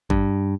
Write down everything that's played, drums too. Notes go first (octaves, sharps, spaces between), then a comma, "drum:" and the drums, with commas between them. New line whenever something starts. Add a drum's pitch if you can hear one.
G2, drum: kick G#1